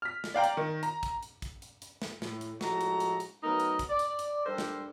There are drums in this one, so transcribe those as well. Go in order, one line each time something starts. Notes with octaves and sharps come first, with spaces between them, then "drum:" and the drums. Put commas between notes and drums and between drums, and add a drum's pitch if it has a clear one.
F6 B6
drum: snare
D5 F5 G5 A#5
drum: hi-hat
D#3
A#5, drum: hi-hat
drum: kick, hi-hat
drum: hi-hat
drum: kick, hi-hat
drum: hi-hat
drum: hi-hat
drum: snare
A2, drum: snare
drum: hi-hat
A2 F3 G#3 F#4 A4 A#5, drum: snare
drum: hi-hat
drum: hi-hat
drum: hi-hat
F#3 A3 B3 D#4 A#4
drum: hi-hat
drum: kick, hi-hat
D5
drum: hi-hat
drum: hi-hat
G3 D4 A4 A#4 C5
drum: snare